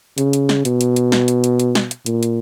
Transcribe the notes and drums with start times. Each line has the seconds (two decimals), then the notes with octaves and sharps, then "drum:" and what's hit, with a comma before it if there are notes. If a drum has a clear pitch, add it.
0.18 C#3, drum: hi-hat
0.33 drum: hi-hat
0.49 drum: snare
0.65 B2, drum: hi-hat
0.81 drum: hi-hat
0.96 drum: hi-hat
1.12 drum: snare
1.28 drum: hi-hat
1.44 drum: hi-hat
1.60 drum: hi-hat
1.75 drum: snare
1.91 drum: hi-hat
2.06 A#2, drum: hi-hat
2.23 drum: hi-hat